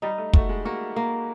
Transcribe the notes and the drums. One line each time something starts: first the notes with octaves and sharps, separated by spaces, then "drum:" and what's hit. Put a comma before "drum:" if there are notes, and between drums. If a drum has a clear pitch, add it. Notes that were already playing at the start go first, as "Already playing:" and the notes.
G3 D#4
A3
A3 F#4, drum: kick
G#3
A#3 F#4
A#3